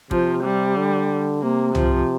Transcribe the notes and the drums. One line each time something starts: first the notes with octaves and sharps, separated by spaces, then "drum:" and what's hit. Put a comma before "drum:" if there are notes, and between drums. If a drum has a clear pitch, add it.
C3 F3, drum: kick
G3
D3
C3 A#3
F3, drum: tom C2